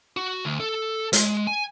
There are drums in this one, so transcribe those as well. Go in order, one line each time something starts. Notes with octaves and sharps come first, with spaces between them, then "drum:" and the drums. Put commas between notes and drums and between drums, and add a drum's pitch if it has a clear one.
F#4
D2
A4
G#3, drum: hi-hat
G#5